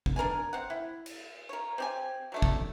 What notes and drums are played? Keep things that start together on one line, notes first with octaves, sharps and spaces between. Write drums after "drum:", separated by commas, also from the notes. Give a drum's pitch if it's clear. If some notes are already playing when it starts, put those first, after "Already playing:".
drum: kick
D4 A#4 B4 G#5
C4 F#5
E4
drum: cymbal
A#4 C#5
C4 G4 G#5
F#3 A3 D4
drum: kick